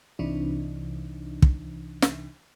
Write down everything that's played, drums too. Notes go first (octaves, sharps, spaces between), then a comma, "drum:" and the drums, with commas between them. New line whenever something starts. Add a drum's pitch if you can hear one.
C2 C3 E3 D4 D#4
drum: kick
drum: snare